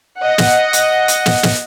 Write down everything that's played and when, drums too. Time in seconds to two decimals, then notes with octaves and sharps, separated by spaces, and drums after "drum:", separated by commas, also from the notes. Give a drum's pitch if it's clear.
0.21 D#5 F#5
0.38 drum: snare
0.73 drum: hi-hat
1.08 drum: hi-hat
1.26 drum: snare
1.43 drum: snare